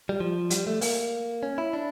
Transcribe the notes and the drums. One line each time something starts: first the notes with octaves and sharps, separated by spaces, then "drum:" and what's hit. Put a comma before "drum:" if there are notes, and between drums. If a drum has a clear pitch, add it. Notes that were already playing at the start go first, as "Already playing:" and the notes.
G3
F3
G3, drum: hi-hat
A3
A#3, drum: open hi-hat
C#4
E4
D4